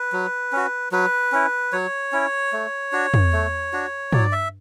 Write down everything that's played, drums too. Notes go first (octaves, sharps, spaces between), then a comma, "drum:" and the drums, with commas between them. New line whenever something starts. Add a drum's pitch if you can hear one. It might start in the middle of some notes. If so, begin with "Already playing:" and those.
Already playing: B4
F#3
C#4 F#4
F#3 B4
C#4 E4
F#3 C#5
C#4 E4
A3
D4 F#4
drum: tom
A3
D4 F#4
F#3 D5, drum: tom
E5